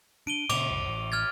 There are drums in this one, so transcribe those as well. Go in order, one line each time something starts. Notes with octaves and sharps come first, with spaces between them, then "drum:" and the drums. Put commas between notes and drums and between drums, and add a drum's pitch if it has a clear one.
D4 D7 D#7 G7
A#2 C#3 D6 F7, drum: cymbal
F#1 C2
A1
F6 G#6 A6